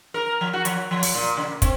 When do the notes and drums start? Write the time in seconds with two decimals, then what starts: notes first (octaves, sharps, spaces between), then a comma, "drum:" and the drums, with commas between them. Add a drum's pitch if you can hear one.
0.14 A#4
0.41 F3
0.53 F#4
0.65 F3, drum: hi-hat
0.91 F3
1.03 drum: open hi-hat
1.15 A#2
1.37 C#3
1.62 C4, drum: kick, hi-hat